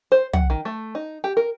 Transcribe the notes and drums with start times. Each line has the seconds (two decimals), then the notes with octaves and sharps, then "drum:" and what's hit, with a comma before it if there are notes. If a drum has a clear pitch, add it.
0.12 C5
0.33 F#5, drum: tom
0.50 D#3
0.65 A3
0.95 D#4
1.24 G4
1.37 A#4